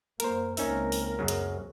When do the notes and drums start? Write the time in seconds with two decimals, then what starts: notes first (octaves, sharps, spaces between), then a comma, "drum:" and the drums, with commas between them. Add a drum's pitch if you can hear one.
0.20 F#2 A#3 A#4 C5, drum: hi-hat
0.57 C#2 A#3 C4 C#4 D#4 A#4 E5, drum: open hi-hat
0.92 drum: open hi-hat
1.19 F#2 C#3 F#3
1.28 drum: hi-hat